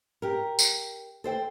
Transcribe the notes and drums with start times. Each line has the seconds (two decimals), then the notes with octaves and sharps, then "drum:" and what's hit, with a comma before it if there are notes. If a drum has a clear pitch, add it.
0.22 G4 A#4
0.59 drum: tambourine
1.24 A4 C5 G5